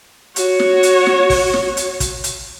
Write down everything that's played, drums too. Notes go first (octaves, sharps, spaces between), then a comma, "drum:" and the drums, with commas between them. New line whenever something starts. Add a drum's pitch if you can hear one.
F#4 C#5, drum: hi-hat
drum: snare
drum: hi-hat
drum: snare
drum: kick, open hi-hat
drum: snare
drum: hi-hat
drum: kick, hi-hat
drum: hi-hat